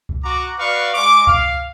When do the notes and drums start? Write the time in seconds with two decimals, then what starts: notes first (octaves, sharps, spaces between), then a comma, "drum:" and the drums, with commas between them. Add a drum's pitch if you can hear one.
0.09 drum: kick C#2
0.24 F#4 A#5 D6
0.59 F#4 B4 D5 F5 C#6
0.94 G#3 C#6 D6
1.27 F5, drum: kick C#2